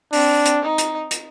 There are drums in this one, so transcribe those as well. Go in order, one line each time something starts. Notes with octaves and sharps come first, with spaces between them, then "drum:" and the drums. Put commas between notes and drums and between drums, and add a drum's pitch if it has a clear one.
C4 D4, drum: open hi-hat
drum: hi-hat
D#4
drum: hi-hat
drum: hi-hat